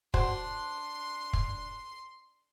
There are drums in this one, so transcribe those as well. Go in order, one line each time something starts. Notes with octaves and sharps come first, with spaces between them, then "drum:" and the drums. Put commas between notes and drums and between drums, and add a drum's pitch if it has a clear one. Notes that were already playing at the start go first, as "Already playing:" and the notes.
D4 F#4 C5 C6, drum: kick
drum: kick